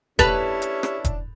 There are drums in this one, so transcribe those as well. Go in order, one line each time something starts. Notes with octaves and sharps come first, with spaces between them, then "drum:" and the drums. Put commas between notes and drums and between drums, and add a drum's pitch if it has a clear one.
C#4 D4 E4 G4 B4 A5 A6 F7, drum: kick E1, hi-hat
drum: hi-hat
drum: rim click
drum: kick E1, hi-hat